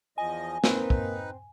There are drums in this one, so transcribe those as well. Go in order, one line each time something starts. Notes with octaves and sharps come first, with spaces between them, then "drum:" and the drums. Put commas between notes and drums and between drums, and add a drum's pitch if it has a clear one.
E2 F3 D#5 G#5
A#3 C4 D#4 B4, drum: snare
drum: kick